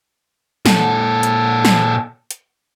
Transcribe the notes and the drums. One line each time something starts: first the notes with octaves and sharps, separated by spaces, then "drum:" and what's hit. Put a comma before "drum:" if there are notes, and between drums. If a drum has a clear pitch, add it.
A#2 A4, drum: snare
drum: hi-hat
drum: snare
drum: hi-hat